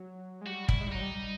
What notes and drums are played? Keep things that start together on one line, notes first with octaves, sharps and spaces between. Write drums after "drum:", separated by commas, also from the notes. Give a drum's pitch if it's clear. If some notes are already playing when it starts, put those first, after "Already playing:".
Already playing: F#3
G#3
G3 F#4
E4, drum: kick
G#3
G3
F#3 D#4
G3